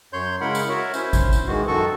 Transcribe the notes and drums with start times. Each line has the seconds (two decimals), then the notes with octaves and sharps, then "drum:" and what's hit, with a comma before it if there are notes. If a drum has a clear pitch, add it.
0.13 F#2 C#5 C6 G6
0.41 C#3 G#3 E4 A#4 F#5 B5
0.55 drum: tambourine
0.69 F#4 A#4 C#5 E5
0.94 C#4 E4 C5, drum: tambourine
1.13 drum: kick G#1, tambourine
1.33 drum: tambourine
1.47 G#2 D#3 E3 G#3 F#4
1.67 F#2 D#3 F#4 A4 C#6